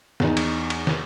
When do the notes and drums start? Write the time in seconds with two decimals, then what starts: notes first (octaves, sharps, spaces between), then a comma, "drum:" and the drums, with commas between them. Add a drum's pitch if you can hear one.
0.20 E2 D#4, drum: snare
0.37 drum: cymbal
0.70 drum: cymbal
0.87 drum: snare